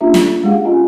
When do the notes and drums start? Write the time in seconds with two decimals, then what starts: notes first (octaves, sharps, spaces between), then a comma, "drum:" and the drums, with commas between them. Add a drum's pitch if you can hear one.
0.01 A#3 C#4 D4 F4 G4 E5
0.14 drum: snare
0.44 G#3 C#4 G4 G#4 F5 F#5
0.65 C#4 F4 G4 D#5 G#5